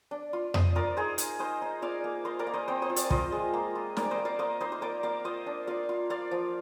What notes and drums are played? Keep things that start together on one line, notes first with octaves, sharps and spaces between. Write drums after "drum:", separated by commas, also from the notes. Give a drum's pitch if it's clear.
D4
F4
D4 C5 D#5, drum: tom F2
F4 A#4 D5
D#4 G#4 C5
D#4, drum: hi-hat
D#4 C5 D#5
D#4
F4 D5 F5
A#3
F4 C5 D#5
A#4 D5
A#3
C5 D#5
C4 C5 D#5
C5 D#5
F4
D5 F5, drum: hi-hat
F4 C5 D#5, drum: kick
G#3
A#3
F4
A#3 A#4 D5, drum: snare
C5 D#5
A#3
D5 F5
A#3 C5 D#5
D#4 C5 D#5
C5
A#3 A#4 D5
A#3 D5 F5
F4 C5 D#5
D4
F4 D5 F5
F4
F4 D5 F5
F3